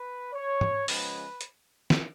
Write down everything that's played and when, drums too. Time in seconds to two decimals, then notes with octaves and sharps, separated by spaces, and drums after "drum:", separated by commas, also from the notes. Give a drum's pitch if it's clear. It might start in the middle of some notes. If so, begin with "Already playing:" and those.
Already playing: B4
0.34 C#5
0.61 drum: tom
0.88 C#3 F3 G#3 B3 B4, drum: open hi-hat
1.41 drum: hi-hat
1.90 drum: snare